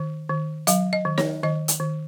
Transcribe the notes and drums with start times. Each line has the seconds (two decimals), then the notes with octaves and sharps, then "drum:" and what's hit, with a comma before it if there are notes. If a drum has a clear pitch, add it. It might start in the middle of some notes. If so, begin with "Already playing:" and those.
Already playing: D#3
0.29 D#3
0.67 F#3 F5, drum: hi-hat
0.93 D#5
1.05 D#3
1.18 C#5, drum: snare
1.43 D#3 D#5
1.68 drum: hi-hat
1.80 D#3